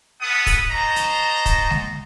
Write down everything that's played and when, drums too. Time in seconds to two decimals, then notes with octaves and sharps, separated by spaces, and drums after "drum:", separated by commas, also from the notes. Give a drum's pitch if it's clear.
0.21 B3 E4 A4 B4 F#5 D#6
0.46 drum: kick, open hi-hat
0.71 F#4 C5 D#5 A5 A#5
0.96 drum: hi-hat
1.46 drum: kick, hi-hat
1.70 drum: snare G#3